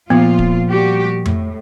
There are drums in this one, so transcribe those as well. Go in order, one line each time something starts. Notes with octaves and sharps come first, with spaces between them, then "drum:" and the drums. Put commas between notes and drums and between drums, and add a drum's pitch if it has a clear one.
A#2 F3 B3 F4
drum: kick D1
G3 F#4 G4
A2, drum: tom F2